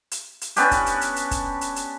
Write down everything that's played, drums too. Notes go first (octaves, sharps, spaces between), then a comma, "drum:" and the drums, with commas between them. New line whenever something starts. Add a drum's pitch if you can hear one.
drum: hi-hat
drum: hi-hat
B3 C#4 D4 G4, drum: hi-hat
drum: kick, hi-hat
drum: hi-hat
drum: hi-hat
drum: hi-hat
drum: kick, hi-hat
drum: hi-hat
drum: hi-hat